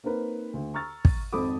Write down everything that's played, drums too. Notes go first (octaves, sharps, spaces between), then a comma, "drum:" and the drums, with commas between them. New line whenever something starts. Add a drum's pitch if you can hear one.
A#3 C4 D#4 A#4 B4
D2
A#5 C#6 E6 F6 A6
drum: kick
G#1 F2 A4 B5 D6 D#6